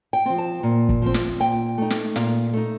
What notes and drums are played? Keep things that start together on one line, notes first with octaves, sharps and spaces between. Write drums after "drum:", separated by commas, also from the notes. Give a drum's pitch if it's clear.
G5
F3 C4
A5
A#2
drum: kick
F3 C4
drum: snare
A#2 G5
A3 D#4
drum: snare
A#2 F5, drum: snare
A3 D#4